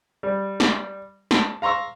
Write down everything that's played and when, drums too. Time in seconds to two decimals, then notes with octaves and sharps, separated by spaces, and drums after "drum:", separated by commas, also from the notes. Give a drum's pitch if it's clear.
0.23 G3
0.60 drum: snare
1.31 A5, drum: snare
1.62 F5 A#5 C6 C#6 E6